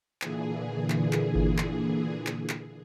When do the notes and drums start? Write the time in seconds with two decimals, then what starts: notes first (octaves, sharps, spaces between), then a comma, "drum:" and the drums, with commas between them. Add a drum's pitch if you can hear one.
0.22 A#2 D3 E3 G#4, drum: clap
0.90 drum: clap
1.13 drum: clap
1.36 drum: kick G1
1.58 drum: clap
2.27 drum: clap
2.49 drum: clap